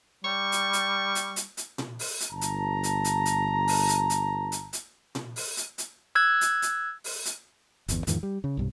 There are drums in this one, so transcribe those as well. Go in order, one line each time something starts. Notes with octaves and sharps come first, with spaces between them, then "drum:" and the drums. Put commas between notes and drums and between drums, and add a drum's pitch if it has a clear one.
G3 C#6
drum: hi-hat
drum: hi-hat
drum: hi-hat
drum: hi-hat
drum: hi-hat
drum: tom A#2
drum: open hi-hat
drum: hi-hat
G1 A5 A#5
drum: hi-hat
drum: hi-hat
drum: hi-hat
drum: hi-hat
drum: open hi-hat
drum: hi-hat
drum: hi-hat
drum: hi-hat
drum: hi-hat
drum: tom A#2
drum: open hi-hat
drum: hi-hat
drum: hi-hat
E6 F#6 G#6
drum: hi-hat
drum: hi-hat
drum: open hi-hat
drum: hi-hat
G1 E2, drum: hi-hat
E2 G#2 D#3 F3, drum: hi-hat
G3
C#3
B1 G2 C3